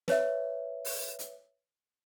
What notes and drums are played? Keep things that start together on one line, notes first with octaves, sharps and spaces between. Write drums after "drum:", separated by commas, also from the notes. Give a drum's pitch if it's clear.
B4 C#5 E5, drum: snare
drum: open hi-hat
drum: hi-hat